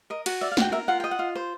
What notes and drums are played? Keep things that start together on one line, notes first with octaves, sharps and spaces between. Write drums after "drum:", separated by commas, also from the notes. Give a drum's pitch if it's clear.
A#4 D#5
F#4, drum: cymbal
D5 E5
F5
F#4 G5, drum: snare
A#4 E5
F4 F#5
D#5 G5
F#5
F4
C5